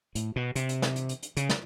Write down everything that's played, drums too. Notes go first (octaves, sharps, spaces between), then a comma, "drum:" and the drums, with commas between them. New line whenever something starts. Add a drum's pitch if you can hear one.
A2, drum: hi-hat
B2
C3, drum: hi-hat
drum: hi-hat
drum: snare
drum: hi-hat
drum: hi-hat
drum: hi-hat
C#3, drum: hi-hat
drum: snare